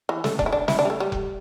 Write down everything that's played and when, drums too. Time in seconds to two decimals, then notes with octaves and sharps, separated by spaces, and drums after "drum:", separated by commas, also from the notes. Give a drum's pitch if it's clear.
0.09 E3
0.24 A3, drum: snare
0.39 D4, drum: kick F1
0.46 E4
0.53 D4
0.68 E4, drum: snare
0.79 D4
0.85 G3
0.90 A3
1.00 G3
1.12 drum: kick F1